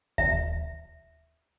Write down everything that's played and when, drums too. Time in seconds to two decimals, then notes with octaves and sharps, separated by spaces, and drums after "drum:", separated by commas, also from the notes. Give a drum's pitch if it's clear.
0.18 E5, drum: kick D#2